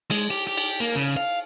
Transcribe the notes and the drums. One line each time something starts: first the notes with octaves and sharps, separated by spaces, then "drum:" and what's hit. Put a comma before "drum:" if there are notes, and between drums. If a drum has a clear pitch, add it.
G#3, drum: cymbal
G4
G4
drum: cymbal
A#3
C#3
F5